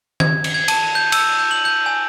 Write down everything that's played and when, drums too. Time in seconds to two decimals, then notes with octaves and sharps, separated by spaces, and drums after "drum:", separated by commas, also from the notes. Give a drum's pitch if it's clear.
0.20 G#6, drum: tom D#3
0.44 drum: cymbal
0.54 G#6
0.68 A5, drum: cymbal
0.95 G6
1.12 E6, drum: cymbal
1.39 G6
1.51 F#7
1.65 G6
1.86 G#5